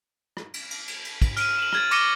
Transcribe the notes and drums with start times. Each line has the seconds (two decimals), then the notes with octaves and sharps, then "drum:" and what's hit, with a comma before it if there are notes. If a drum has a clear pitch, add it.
0.37 drum: rim click
0.54 drum: cymbal
0.71 drum: cymbal
0.88 drum: cymbal
1.05 drum: cymbal
1.22 drum: kick, cymbal
1.37 F6 D7 D#7, drum: cymbal
1.59 E7 F#7
1.72 F6 G#6 A6, drum: rim click
1.91 C#6 D6 A#6 C#7 D#7 G7, drum: cymbal